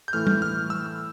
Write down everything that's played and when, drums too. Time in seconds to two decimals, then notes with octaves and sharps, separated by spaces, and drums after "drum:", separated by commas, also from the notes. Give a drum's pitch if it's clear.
0.08 G6
0.13 A2 E3 A3 F6
0.27 drum: tom
0.42 F6
0.70 E6